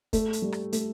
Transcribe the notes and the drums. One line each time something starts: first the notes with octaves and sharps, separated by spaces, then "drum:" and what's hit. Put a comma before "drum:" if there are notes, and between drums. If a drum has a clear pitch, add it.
A3, drum: kick, hi-hat
drum: hi-hat
G3
drum: rim click
A3, drum: hi-hat